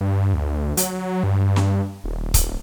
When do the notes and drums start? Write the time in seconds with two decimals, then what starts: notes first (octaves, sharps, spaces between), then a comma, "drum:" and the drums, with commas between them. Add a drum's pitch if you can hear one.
0.01 G2
0.34 D2
0.77 F#3, drum: hi-hat
1.23 G2
1.56 drum: snare
2.04 D#1
2.34 drum: kick C#1, hi-hat